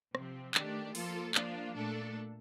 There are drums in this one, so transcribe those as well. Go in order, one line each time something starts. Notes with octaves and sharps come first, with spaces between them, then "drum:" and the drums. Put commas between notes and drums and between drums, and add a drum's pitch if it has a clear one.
C3 F3 C4, drum: rim click
D#3 A3 D4 G4, drum: clap
F3 A#3 F4 A4, drum: open hi-hat
F3 A#3 D4 F4, drum: clap
A#2 A3 D4 A4